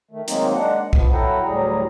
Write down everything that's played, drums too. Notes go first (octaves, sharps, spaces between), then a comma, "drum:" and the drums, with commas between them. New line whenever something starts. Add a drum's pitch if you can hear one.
D#3 A3
D#3 F#3 G#3 A#3 C4 D#4, drum: hi-hat
G#3 D4 F#5
F3 B3, drum: kick B1
F#3 E4 A4 F#5 G5 A#5
D2 A2 F#3 G3 G#4 A#5